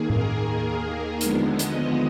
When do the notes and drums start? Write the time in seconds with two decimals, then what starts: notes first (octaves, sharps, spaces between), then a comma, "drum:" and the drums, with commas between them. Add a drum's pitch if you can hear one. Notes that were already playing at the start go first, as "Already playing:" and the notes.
Already playing: D#2 D#3 A#3 G#4
0.10 A#4, drum: tom A2
1.21 D#2 D3 F3 G#3 B3, drum: hi-hat
1.59 D#5, drum: hi-hat